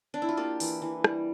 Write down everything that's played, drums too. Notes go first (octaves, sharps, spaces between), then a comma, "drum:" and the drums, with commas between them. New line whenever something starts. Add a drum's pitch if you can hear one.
D4
E4
F4
A#3 G4
E3, drum: open hi-hat
E3
G3, drum: rim click